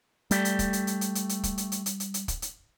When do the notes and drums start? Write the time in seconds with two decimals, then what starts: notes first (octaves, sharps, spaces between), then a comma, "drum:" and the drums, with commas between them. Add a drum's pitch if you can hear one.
0.31 G3 A3 G4, drum: hi-hat
0.45 drum: hi-hat
0.59 drum: kick, hi-hat
0.73 drum: hi-hat
0.87 drum: hi-hat
1.01 drum: hi-hat
1.15 drum: hi-hat
1.29 drum: hi-hat
1.43 drum: kick, hi-hat
1.58 drum: hi-hat
1.72 drum: hi-hat
1.86 drum: hi-hat
2.00 drum: hi-hat
2.14 drum: hi-hat
2.28 drum: kick, hi-hat
2.42 drum: hi-hat